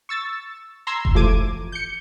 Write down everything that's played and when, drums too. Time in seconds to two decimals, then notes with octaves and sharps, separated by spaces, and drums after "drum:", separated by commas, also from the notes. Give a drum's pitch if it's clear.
0.09 C#6 E6 A6
0.87 A#5 C6 E6 G#6
1.05 drum: kick F1
1.14 A1 F3 A3 D6 G#6 D#7
1.72 G6 C#7